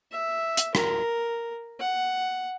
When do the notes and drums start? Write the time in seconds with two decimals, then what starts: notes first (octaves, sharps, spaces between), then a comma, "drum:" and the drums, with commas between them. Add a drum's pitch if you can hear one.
0.12 E5
0.57 drum: hi-hat
0.75 A#4, drum: rim click
1.79 F#5